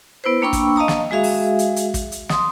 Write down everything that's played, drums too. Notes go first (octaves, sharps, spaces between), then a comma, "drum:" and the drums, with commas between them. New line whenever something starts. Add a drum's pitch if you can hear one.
B3 E4 B4 C5
A#3 D4 G5 B5 C#6 E6
drum: kick, hi-hat
D#5 F5 A5 A#5 D#6
drum: snare
G#3 F#4 G#4 E5 F5
drum: open hi-hat
drum: hi-hat
drum: hi-hat
drum: kick, hi-hat
drum: hi-hat
C6 D#6, drum: snare